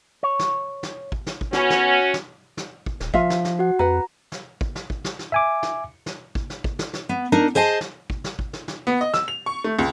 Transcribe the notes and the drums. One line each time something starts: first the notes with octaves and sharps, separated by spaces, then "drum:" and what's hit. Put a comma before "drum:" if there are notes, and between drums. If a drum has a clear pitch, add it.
C#5
drum: snare
drum: snare
drum: kick
drum: snare
drum: kick
B3 C#4 F#4, drum: snare
drum: snare
drum: snare
drum: snare
drum: kick
D#1, drum: snare
F3 F4 E5 F5, drum: kick
drum: snare
drum: snare
F#4 F#5
F2 B4 F#5 A#5
drum: snare
drum: kick
drum: snare
drum: kick
drum: snare
drum: snare
E5 G#5 D6
drum: snare
drum: snare
drum: kick
drum: snare
drum: kick
drum: snare
drum: snare
B3
D4 D#4 A#4
G#4 C5 D#5 G#5 A5
drum: snare
drum: kick
drum: snare
drum: kick
drum: snare
drum: snare
B3
D#5
E6, drum: snare
F7
C#6
A3
C#2